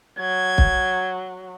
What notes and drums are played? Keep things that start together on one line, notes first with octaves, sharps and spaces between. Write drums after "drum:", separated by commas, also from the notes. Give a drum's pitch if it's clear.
F#3 G#6
drum: kick